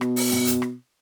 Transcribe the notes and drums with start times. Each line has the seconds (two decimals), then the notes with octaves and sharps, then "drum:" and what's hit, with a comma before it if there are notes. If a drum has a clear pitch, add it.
0.01 B2, drum: rim click
0.16 drum: open hi-hat
0.31 drum: tom
0.47 drum: hi-hat
0.62 drum: rim click